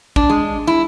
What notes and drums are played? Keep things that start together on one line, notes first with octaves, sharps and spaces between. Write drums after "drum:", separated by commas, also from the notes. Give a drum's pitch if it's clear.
D4, drum: kick
G#3
E4